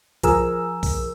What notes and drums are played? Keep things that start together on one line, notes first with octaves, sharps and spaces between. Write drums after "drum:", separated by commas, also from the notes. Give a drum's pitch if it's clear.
F3 G#4 A#4 E6, drum: kick, hi-hat
drum: kick, open hi-hat